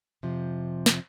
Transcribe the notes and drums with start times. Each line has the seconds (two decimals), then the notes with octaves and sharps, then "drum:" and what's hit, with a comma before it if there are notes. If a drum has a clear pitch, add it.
0.23 F2 C3 F3
0.86 drum: snare